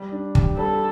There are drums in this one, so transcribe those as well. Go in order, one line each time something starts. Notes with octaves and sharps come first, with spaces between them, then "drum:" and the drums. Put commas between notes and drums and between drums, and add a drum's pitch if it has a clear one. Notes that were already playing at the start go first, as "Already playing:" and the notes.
Already playing: G3
D4
G4, drum: kick
G3 A4